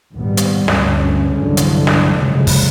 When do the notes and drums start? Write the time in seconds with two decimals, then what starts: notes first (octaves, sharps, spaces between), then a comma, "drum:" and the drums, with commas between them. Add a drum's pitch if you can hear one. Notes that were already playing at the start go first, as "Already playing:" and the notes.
0.15 A#1 D#2 G#2 B2 G3 B3
0.37 drum: hi-hat
0.68 D2 G2 C#4, drum: snare
1.36 C2 G2 D3 E3 F#3 G#3
1.57 drum: hi-hat
1.87 drum: snare
2.17 F1 D#2 C#3 F3 F#3 G#3
2.47 drum: kick, open hi-hat